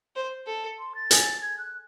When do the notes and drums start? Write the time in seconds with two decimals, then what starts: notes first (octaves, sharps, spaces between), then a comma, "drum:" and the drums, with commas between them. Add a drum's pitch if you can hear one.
0.16 C5
0.47 A4
0.79 C6
0.95 A6
1.11 G#4, drum: hi-hat
1.42 G#6
1.58 F#6